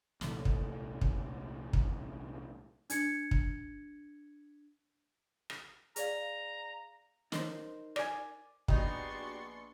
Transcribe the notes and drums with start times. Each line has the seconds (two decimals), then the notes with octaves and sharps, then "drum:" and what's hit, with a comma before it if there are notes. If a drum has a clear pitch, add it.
0.21 C2 A#2 A3, drum: snare
0.45 drum: kick
1.01 drum: kick
1.73 drum: kick
2.90 D4 G#6 C#7, drum: hi-hat
3.31 drum: kick
5.50 drum: rim click
5.96 G#4 D5 F5 A#5, drum: hi-hat
7.32 D#4 A#4 C5, drum: snare
7.96 D5 G#5, drum: rim click
8.68 A#1 B3 D4 D#4 F#4 G4 C6 C#6, drum: kick